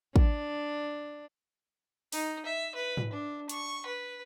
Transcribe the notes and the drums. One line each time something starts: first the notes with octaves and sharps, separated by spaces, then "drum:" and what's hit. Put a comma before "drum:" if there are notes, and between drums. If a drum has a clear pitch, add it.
D4, drum: kick
D#4, drum: open hi-hat
E5
B4
drum: tom G#2
D4
C#6, drum: hi-hat
B4